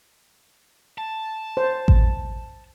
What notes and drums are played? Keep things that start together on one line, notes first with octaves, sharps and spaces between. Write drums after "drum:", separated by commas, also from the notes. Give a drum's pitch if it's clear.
A5
C5
drum: kick A1